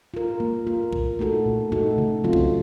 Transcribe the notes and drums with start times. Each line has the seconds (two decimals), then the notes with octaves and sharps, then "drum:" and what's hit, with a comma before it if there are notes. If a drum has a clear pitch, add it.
0.14 F4 A#4
0.40 A#3
0.67 F4 A#4
0.93 A#2, drum: kick B1
1.19 A3 D#4 F#4 A4
1.45 A#2
1.72 A3 D#4 F#4 A4
1.98 C#3
2.24 F#3 C4 F4
2.33 drum: kick B1